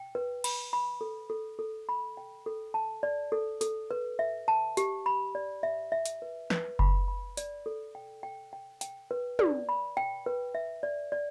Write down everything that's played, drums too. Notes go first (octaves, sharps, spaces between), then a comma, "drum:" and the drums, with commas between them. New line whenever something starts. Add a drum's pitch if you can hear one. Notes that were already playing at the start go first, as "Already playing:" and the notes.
Already playing: G5
B4
B5, drum: cymbal
B5
A4
A4
A4
B5
G5
A4
A5
D5
A4
A4, drum: hi-hat
B4
E5
A5
G4, drum: hi-hat
B5
D5
E5
E5
drum: hi-hat
B4
B4, drum: snare
B5, drum: kick F#1
B5
D5, drum: hi-hat
A4
G5
G5
G5
G5, drum: hi-hat
B4
D5, drum: tom
B5
G5
B4
E5
D5
D5